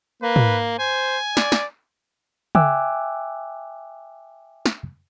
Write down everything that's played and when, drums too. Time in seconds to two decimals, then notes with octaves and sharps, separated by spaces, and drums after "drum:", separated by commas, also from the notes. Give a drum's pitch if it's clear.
0.22 A#3 B4
0.36 drum: tom
0.79 C5 G#5
1.37 D5, drum: snare
1.52 drum: snare
2.55 E5 G5 G#5 D6 E6 F#6, drum: tom
4.66 drum: snare